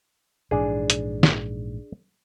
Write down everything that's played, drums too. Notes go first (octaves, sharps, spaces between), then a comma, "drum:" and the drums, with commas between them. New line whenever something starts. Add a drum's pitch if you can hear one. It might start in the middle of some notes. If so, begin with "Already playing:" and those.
A#1 G#2 E3 D4 G#4
drum: hi-hat
drum: snare